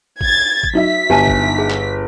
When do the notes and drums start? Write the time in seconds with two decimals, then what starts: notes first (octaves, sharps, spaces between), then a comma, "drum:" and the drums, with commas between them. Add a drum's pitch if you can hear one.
0.21 G#6 A6, drum: kick
0.63 drum: kick
0.73 F#3 D#4 E5 B6
1.10 G1 G4 G#5 A5
1.27 drum: kick
1.58 G#4
1.70 drum: clap